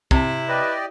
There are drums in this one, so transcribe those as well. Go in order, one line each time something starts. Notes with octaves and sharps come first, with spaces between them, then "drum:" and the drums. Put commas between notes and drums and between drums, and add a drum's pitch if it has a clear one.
C3 E4, drum: kick
G4 B4 D5 D#5